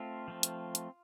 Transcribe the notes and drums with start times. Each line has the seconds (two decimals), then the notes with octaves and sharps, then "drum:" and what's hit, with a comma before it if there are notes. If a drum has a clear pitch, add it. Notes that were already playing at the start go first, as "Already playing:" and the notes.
Already playing: A3 C4 F4
0.28 F3 A3 C4
0.43 drum: hi-hat
0.75 drum: hi-hat